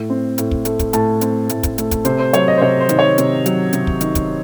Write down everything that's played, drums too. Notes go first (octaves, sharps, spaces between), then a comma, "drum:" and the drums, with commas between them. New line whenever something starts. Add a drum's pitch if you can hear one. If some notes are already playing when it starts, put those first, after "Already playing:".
Already playing: A2
C4
A2, drum: hi-hat
drum: kick
A3, drum: hi-hat
drum: kick, hi-hat
A2 A5, drum: hi-hat
C4, drum: hi-hat
A2, drum: hi-hat
drum: kick, hi-hat
A3, drum: hi-hat
drum: kick, hi-hat
C3 C5, drum: hi-hat
C5
F#3 C#5, drum: hi-hat
D#5
C5
C3 C#5
C5
D#3, drum: hi-hat
C#5
C3, drum: hi-hat
F#3, drum: hi-hat
C3, drum: hi-hat
drum: kick
D#3, drum: hi-hat
drum: kick, hi-hat